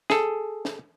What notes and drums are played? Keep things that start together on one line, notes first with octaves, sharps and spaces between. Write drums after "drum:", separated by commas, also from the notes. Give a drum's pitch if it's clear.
G#4 A4, drum: snare
drum: snare